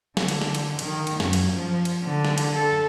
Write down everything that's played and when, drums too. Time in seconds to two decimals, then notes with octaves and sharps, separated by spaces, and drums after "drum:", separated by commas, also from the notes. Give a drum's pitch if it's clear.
0.17 D3, drum: snare
0.28 drum: cymbal
0.42 drum: snare
0.55 drum: cymbal
0.79 D#3, drum: cymbal
1.07 drum: cymbal
1.20 F#2, drum: snare
1.33 drum: cymbal
1.52 F3
1.85 drum: cymbal
2.03 D3
2.25 drum: snare
2.38 drum: cymbal
2.55 A4